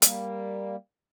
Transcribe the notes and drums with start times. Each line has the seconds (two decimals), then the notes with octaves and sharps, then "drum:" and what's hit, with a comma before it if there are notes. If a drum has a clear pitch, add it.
0.02 G3 A#3, drum: hi-hat